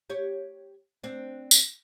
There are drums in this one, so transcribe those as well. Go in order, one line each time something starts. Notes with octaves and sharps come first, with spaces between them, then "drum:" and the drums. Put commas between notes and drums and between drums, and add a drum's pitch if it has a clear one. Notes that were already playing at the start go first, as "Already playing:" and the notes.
G4 C#5
C4 D4
drum: tambourine